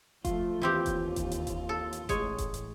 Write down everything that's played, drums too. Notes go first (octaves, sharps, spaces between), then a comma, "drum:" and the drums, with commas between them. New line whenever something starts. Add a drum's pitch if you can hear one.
F3 A3 F4, drum: kick F1, hi-hat
D#2 E3 C4 G4
drum: kick F1, hi-hat
drum: kick F1, hi-hat
drum: hi-hat
drum: kick F1, hi-hat
A4
drum: hi-hat
A1 G#3 C#5, drum: kick F1, hi-hat
drum: kick F1, hi-hat
drum: hi-hat